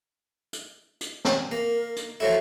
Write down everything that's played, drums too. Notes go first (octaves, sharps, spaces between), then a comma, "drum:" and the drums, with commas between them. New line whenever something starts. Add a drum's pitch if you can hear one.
drum: hi-hat
drum: hi-hat
drum: snare
A#3 A#4
drum: hi-hat
F3 F#3 E4 A4